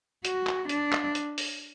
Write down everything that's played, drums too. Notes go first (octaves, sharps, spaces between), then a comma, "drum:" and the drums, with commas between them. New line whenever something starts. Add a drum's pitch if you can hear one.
F#4, drum: hi-hat
drum: clap
D4, drum: hi-hat
drum: clap
drum: hi-hat
drum: open hi-hat